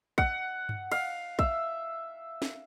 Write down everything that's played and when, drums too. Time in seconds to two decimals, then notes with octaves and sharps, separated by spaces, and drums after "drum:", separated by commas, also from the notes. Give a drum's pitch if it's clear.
0.18 F#5, drum: kick
0.69 drum: tom G2
0.91 F5, drum: cymbal
1.39 E5, drum: kick
2.42 drum: snare